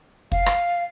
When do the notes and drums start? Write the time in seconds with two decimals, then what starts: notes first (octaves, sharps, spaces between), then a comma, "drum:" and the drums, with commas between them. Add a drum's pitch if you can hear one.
0.32 F5, drum: kick
0.46 drum: rim click